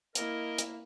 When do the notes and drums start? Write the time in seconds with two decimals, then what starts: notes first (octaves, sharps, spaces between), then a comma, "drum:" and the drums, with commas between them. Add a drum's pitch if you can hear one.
0.15 A#3 E4 A#4 D#5, drum: hi-hat
0.58 drum: hi-hat